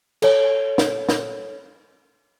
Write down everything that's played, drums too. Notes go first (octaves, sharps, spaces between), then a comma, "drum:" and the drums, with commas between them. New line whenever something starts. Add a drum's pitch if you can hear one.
A4 C#5, drum: cymbal
drum: snare
drum: snare